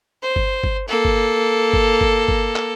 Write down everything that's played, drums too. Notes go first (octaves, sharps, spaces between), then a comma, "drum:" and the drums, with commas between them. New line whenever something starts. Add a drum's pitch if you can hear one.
C5
drum: kick G1
drum: kick G1
A#3 A4
drum: kick G1
drum: kick G1
drum: kick G1
drum: kick G1
drum: clap